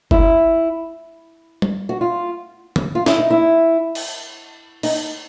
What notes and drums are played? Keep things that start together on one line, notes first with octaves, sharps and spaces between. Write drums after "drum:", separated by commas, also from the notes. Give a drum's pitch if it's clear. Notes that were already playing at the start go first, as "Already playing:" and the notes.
E4, drum: kick F#1
drum: tom G3
F#4
F4
drum: tom
F4
E4, drum: snare
D#4
E4
drum: cymbal
D#4, drum: cymbal